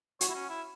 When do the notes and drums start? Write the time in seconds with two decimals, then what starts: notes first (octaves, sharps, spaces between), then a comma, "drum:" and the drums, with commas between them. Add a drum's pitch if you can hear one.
0.21 F#4 C#5, drum: hi-hat
0.29 E4
0.35 C#4
0.49 E4